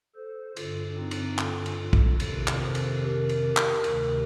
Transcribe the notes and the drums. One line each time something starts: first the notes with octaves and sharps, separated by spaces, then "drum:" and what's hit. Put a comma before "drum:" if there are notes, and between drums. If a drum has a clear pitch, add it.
A4 C5
G2 D3 F4 A4, drum: cymbal
C4 D#4
drum: cymbal
F4 A4, drum: clap
drum: cymbal
drum: kick
F2 C3 D#3 F4 A4, drum: cymbal
drum: clap
A4 C5
drum: cymbal
G4 A#4
drum: cymbal
drum: clap
D2 C3 D#3, drum: cymbal